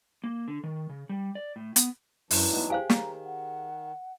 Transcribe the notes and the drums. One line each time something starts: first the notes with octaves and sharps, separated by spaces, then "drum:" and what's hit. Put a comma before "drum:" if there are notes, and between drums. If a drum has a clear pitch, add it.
A#3
D3
D#3
C#3
G3
D5
A2
B3, drum: hi-hat
F#2 E3 F#3 D4 E4, drum: open hi-hat
B3 D#4
G4 G#4 C5 F5 G#5
D#3 A#5, drum: snare
F#5